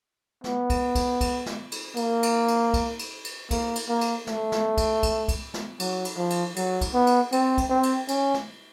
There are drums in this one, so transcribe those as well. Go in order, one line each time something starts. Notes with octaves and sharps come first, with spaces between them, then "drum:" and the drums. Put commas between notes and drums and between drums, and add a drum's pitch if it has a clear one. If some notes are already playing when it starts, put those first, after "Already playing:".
B3, drum: snare
drum: kick, cymbal
drum: kick, cymbal
drum: kick, cymbal
drum: snare
drum: cymbal
A#3, drum: cymbal
drum: cymbal
drum: cymbal
drum: kick, cymbal
drum: cymbal
drum: cymbal
A#3, drum: kick, cymbal
drum: cymbal
A#3
drum: cymbal
A3, drum: snare
drum: snare
drum: kick, cymbal
drum: kick, cymbal
drum: kick, cymbal
drum: snare
F#3, drum: cymbal
drum: cymbal
F3
drum: cymbal
F#3, drum: cymbal
drum: kick, cymbal
B3
drum: cymbal
C4, drum: cymbal
drum: kick, cymbal
C4
drum: cymbal
C#4, drum: cymbal
drum: snare